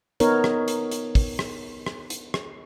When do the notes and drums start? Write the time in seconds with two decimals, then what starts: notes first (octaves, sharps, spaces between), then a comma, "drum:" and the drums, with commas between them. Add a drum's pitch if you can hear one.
0.20 B3 D#4 A#4 C#5, drum: hi-hat
0.44 drum: rim click
0.68 drum: hi-hat
0.91 drum: hi-hat
1.15 drum: kick, open hi-hat
1.39 drum: rim click
1.86 drum: rim click
2.10 drum: hi-hat
2.34 drum: rim click